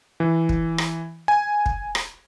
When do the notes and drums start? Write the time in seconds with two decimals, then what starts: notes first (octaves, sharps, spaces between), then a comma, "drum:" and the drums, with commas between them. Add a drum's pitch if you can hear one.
0.20 E3
0.49 drum: kick
0.78 drum: rim click
1.28 G#5
1.66 drum: kick
1.95 drum: rim click